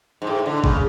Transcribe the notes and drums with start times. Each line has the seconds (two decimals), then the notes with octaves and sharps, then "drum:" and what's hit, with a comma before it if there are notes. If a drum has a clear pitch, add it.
0.22 G#2
0.27 A2
0.46 D3
0.64 C#3, drum: kick G#1